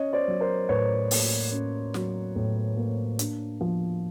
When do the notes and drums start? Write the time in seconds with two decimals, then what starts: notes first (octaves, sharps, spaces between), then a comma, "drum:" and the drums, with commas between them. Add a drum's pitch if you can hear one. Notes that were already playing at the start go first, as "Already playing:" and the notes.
Already playing: C#4 C#5 D#5
0.13 C5 D5
0.28 F#3
0.40 A#4 C5
0.69 A2 B4 C#5
1.11 A#3, drum: open hi-hat
1.52 C#4
1.94 F#3, drum: snare
2.36 A2
2.77 A#3
3.19 D4, drum: hi-hat
3.61 F3